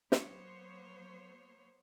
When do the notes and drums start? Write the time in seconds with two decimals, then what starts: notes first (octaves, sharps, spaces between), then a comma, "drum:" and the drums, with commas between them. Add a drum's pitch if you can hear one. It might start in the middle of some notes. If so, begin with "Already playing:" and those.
0.12 F#3 A#3 B3 C5 C#5, drum: snare